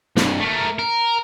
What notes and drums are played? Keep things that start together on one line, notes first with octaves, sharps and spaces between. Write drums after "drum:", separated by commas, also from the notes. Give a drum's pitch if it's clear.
C2 G2, drum: snare
A3 A#4
A#4